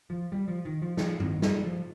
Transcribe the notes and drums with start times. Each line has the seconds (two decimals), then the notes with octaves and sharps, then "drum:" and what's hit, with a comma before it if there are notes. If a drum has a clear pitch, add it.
0.10 F3
0.32 G3
0.48 F3
0.65 D#3
0.82 F3
0.97 F3, drum: snare
1.20 D#3, drum: tom G2
1.42 G3, drum: snare
1.64 F3